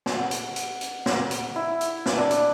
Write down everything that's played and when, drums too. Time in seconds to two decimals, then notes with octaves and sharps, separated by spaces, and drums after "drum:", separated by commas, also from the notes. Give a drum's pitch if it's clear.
0.06 drum: snare
0.17 F#5
0.31 drum: hi-hat
0.56 drum: hi-hat
0.81 drum: hi-hat
1.06 drum: snare
1.31 drum: hi-hat
1.56 E4
1.81 drum: hi-hat
2.06 drum: snare
2.17 D4
2.31 drum: hi-hat